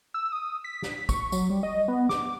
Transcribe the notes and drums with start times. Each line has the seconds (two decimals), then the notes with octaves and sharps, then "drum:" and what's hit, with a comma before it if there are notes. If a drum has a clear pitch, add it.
0.14 E6
0.32 D#6
0.64 B6
0.82 drum: snare
1.09 C#6, drum: kick, tambourine
1.32 F#3, drum: tambourine
1.50 G3
1.63 D#5
1.88 B3
2.09 D6, drum: snare